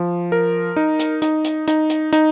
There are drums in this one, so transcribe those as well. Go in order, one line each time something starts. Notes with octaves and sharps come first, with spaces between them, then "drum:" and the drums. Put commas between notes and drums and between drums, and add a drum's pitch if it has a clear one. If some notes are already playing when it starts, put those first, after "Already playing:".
Already playing: F3
A#4
D#4
drum: hi-hat
D#4, drum: hi-hat
drum: hi-hat
D#4, drum: hi-hat
drum: hi-hat
D#4, drum: hi-hat